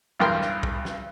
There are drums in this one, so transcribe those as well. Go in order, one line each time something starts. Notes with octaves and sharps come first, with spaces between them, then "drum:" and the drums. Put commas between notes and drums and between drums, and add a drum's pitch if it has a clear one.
B1 E2 G2 A#4 G5 C6
drum: snare
drum: kick
drum: snare